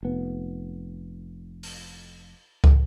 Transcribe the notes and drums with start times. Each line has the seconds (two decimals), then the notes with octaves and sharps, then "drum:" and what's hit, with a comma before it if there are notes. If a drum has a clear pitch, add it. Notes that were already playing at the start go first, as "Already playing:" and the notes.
0.03 F1 B3
1.63 drum: open hi-hat
2.64 drum: kick